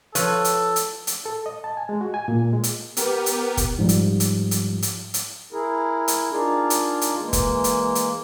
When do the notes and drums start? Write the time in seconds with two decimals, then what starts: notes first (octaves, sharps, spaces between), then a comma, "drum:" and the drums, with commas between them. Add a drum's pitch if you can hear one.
0.15 F3 A4 B4 C#5, drum: hi-hat
0.45 drum: hi-hat
0.76 drum: hi-hat
1.07 drum: hi-hat
1.26 A4
1.46 D#5
1.64 A5
1.77 G#5
1.89 G#3
2.01 F#4
2.14 G#5
2.28 A#2
2.53 G#3
2.64 drum: hi-hat
2.97 B3 G4 A#4, drum: hi-hat
3.26 drum: hi-hat
3.57 drum: kick F1, hi-hat
3.79 G#2 F3 G3
3.89 drum: hi-hat
4.20 drum: hi-hat
4.51 drum: hi-hat
4.82 drum: hi-hat
5.14 drum: hi-hat
5.53 E4 G#4 A#4
6.08 drum: hi-hat
6.31 D4 D#4 F4 G#4 A#4
6.70 drum: hi-hat
7.01 drum: hi-hat
7.22 E3 G#3 A#3
7.33 drum: kick F1, hi-hat
7.64 drum: hi-hat
7.95 drum: hi-hat